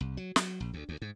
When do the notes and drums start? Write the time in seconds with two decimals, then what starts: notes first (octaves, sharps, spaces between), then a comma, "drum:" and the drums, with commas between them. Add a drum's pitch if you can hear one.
0.01 C2
0.17 F#3
0.36 F#3, drum: snare
0.60 A#1
0.74 D2
0.89 D2
1.02 G#2